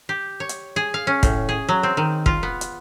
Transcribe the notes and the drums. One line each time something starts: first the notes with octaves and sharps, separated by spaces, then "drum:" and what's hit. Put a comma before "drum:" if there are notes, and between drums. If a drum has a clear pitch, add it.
G4
C#5
drum: hi-hat
G#4
F5
C#4
A2, drum: kick, hi-hat
G#4
F#3
C4
D#3
F4, drum: kick
B3
drum: hi-hat